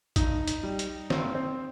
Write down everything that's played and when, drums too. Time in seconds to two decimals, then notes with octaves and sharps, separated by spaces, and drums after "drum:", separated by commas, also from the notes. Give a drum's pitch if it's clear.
0.16 G2 D#4, drum: kick, hi-hat
0.47 drum: hi-hat
0.63 G3
0.79 drum: hi-hat
1.10 G2 C4, drum: snare
1.35 C4